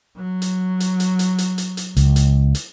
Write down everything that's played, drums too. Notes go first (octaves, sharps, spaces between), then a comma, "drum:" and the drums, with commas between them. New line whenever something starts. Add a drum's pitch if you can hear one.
F#3
drum: hi-hat
drum: hi-hat
drum: hi-hat
drum: hi-hat
drum: hi-hat
drum: hi-hat
drum: hi-hat
C#2, drum: hi-hat
drum: hi-hat
drum: hi-hat